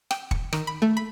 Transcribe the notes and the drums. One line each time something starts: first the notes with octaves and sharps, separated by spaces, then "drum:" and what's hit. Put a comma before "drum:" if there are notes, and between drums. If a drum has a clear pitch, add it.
G5, drum: rim click
C#7, drum: kick
D#3, drum: rim click
B5
A3
B5